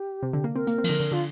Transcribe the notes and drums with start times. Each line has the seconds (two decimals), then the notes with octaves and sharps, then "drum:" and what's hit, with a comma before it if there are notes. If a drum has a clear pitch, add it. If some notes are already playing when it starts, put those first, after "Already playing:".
Already playing: G4
0.23 C3
0.33 D3
0.44 A#3
0.55 C4 A#4
0.67 A#3, drum: hi-hat
0.78 C4
0.84 F3, drum: cymbal
0.89 D3
1.00 D3
1.12 D3 F4